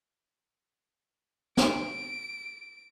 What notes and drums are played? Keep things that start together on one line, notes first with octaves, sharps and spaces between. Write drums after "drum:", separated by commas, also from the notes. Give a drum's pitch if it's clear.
D7, drum: snare